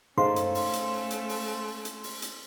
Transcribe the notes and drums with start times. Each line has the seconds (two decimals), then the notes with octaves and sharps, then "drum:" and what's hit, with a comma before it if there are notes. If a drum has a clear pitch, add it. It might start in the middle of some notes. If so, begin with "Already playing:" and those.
0.18 A3 C#4 D#4 G#4 A4 C5 F5 C6, drum: tom
0.36 drum: hi-hat
0.55 drum: open hi-hat
0.73 drum: hi-hat
1.11 drum: hi-hat
1.29 drum: open hi-hat
1.85 drum: hi-hat
2.04 drum: open hi-hat
2.22 drum: hi-hat